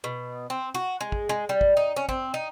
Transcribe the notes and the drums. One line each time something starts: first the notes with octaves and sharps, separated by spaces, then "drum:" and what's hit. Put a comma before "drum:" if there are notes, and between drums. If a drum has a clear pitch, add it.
B2
C4
F#4
G#3
drum: kick
G#3
G3
drum: kick
D#4
C#4
C4, drum: kick
D#4